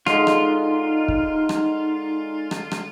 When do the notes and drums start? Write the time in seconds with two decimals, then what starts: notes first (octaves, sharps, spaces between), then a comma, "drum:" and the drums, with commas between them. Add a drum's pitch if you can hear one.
0.06 D3 G#3 D#4 F4, drum: rim click
0.27 drum: rim click
1.08 drum: kick
1.49 drum: rim click
2.51 drum: rim click
2.71 drum: rim click